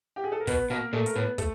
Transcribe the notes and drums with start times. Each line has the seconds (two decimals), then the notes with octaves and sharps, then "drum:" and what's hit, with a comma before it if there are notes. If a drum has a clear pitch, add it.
0.16 G4
0.24 G#4
0.32 A4
0.40 A#4
0.47 B2 B3 B4, drum: kick, open hi-hat
0.70 B2 A#3 A#4
0.93 A#2 A3 A4
1.06 A#4, drum: hi-hat
1.15 A2 B3 B4
1.38 A3 A4, drum: kick, hi-hat